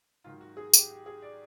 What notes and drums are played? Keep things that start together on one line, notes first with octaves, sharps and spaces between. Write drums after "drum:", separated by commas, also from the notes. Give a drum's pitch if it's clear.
G#2 D#3 F#3 F4
F#4
G#4
G4, drum: tambourine
G4
G#4
D5